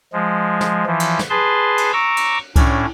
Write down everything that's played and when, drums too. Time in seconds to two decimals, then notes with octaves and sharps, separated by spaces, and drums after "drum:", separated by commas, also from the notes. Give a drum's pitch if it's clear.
0.13 F3 G#3
0.61 drum: snare
0.87 E3 F3
1.00 drum: cymbal
1.19 drum: snare
1.30 G#4 B4 A5 C6
1.78 drum: cymbal
1.93 A#5 C#6 D6 E6
2.17 drum: cymbal
2.56 A2 C#4 D4, drum: kick C2, cymbal